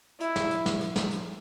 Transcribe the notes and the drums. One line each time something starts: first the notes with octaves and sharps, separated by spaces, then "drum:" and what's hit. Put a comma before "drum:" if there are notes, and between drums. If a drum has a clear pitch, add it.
E4, drum: hi-hat
drum: snare
drum: hi-hat
drum: snare
drum: hi-hat
drum: snare
drum: hi-hat